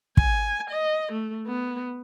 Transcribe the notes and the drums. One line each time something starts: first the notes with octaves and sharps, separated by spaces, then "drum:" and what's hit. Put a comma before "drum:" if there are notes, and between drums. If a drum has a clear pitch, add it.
G#5, drum: kick
D#5
A3
B3